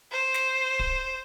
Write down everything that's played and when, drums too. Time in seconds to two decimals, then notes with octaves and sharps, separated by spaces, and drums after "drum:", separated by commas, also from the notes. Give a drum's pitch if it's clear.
0.12 C5
0.34 drum: snare
0.79 drum: kick D1